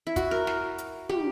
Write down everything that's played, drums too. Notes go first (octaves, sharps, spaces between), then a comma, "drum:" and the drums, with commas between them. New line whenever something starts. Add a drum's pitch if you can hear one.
E4
F#4, drum: kick, hi-hat
A#4
drum: snare
drum: hi-hat
G4, drum: tom